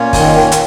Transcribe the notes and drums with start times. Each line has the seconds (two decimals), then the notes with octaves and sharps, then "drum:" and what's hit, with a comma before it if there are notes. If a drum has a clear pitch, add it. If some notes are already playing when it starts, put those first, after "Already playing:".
Already playing: A#2 A#3 C#4 F4 C#5
0.13 D#3, drum: kick, open hi-hat
0.52 drum: hi-hat